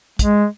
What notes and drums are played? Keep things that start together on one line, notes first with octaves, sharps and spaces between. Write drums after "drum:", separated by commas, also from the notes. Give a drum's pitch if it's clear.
G#3, drum: kick, hi-hat